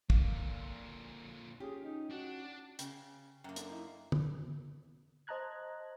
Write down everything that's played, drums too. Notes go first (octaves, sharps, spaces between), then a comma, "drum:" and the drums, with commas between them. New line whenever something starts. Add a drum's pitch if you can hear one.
A#2 D3 F5, drum: kick
C#4 F4 G4 G#4
D#4
D4 F#4
C#3 G5, drum: hi-hat
F#2 A#3 F#5 G5
D4 A4, drum: hi-hat
D#4 E4
drum: tom
C5 D#5 A5 A#5 F#6 G#6